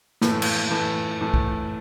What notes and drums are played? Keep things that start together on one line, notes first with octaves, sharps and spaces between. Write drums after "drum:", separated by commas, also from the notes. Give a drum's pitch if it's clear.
A2 E3 A3, drum: snare
drum: cymbal
A2 E3 A3
A2 E3 A3
drum: kick B1